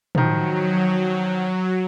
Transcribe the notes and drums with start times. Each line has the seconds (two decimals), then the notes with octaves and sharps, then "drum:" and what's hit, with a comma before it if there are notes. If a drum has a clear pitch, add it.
0.15 D#3 F3 F#3, drum: tom